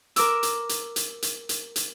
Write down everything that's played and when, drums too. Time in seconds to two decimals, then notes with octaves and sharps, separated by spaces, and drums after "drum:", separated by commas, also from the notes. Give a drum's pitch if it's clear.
0.16 A#4 D6 E6, drum: hi-hat
0.43 drum: hi-hat
0.69 drum: hi-hat
0.96 drum: hi-hat
1.22 drum: hi-hat
1.49 drum: hi-hat
1.76 drum: hi-hat